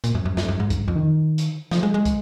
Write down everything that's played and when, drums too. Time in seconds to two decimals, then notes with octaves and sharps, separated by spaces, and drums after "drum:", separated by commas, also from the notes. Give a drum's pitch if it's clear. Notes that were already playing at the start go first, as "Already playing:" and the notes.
0.04 A#2, drum: hi-hat
0.15 F#2
0.25 F#2
0.37 F#2, drum: snare
0.48 F#2
0.60 G#2
0.70 F#2, drum: kick, hi-hat
0.79 G#2
0.88 F2
0.96 D#3
1.38 drum: hi-hat
1.71 F3, drum: snare
1.83 G#3
1.94 G#3
2.05 drum: kick, hi-hat